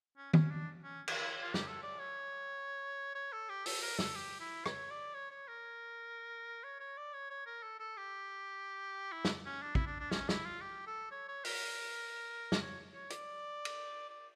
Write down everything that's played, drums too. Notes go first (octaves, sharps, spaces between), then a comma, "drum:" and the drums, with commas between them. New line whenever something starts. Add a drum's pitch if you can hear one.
C#4
C#4, drum: tom D#3
D4
C#4
drum: cymbal
E4
F4
G4, drum: snare
A4
D5
C#5
C#5
A4
G4
A4, drum: open hi-hat
A#4
A4, drum: snare
G4
E4
C#5, drum: rim click
D5
C#5
C#5
A#4
C#5
C#5
D5
C#5
C#5
A#4
A4
A4
G4
E4
drum: snare
C#4
D4
E4, drum: kick
D4
D4
C#4, drum: snare
E4, drum: snare
F4
G4
A4
C#5
C#5
A#4, drum: open hi-hat
drum: snare
C#5
C#5
D5, drum: hi-hat
drum: cymbal
D5